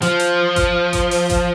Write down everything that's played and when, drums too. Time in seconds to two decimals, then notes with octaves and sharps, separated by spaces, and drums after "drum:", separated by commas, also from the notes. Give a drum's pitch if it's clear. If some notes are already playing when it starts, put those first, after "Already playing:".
0.02 F3, drum: hi-hat
0.20 drum: hi-hat
0.56 drum: kick G#1, hi-hat
0.93 drum: kick G#1, hi-hat
1.11 drum: open hi-hat
1.30 drum: kick G#1, hi-hat